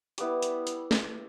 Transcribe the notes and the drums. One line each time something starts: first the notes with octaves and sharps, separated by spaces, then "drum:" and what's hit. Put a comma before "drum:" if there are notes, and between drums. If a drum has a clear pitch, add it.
G3 B3 E4 D6, drum: hi-hat
drum: hi-hat
drum: hi-hat
drum: snare